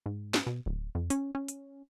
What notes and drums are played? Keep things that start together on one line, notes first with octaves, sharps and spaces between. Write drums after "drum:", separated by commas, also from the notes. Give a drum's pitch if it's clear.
G#2
drum: snare
B2
D1
F2
C#4, drum: hi-hat
C#4
drum: hi-hat